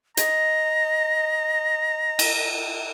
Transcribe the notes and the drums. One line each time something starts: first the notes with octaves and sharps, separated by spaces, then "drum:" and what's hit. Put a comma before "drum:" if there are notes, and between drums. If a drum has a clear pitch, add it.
D#5 A#5, drum: hi-hat
drum: cymbal